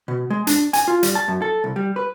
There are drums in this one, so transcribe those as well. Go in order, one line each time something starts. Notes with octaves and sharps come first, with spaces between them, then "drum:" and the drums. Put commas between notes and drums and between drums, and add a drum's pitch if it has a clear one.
B2
G#3
D4, drum: hi-hat
G#5, drum: hi-hat
F4
G3, drum: hi-hat
A5
F#2
A4
C2
G3
B4